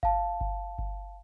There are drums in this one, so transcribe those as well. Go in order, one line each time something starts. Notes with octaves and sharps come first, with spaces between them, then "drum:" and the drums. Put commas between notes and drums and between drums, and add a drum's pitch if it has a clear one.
F5 A5, drum: kick G1
drum: kick G1
drum: kick G1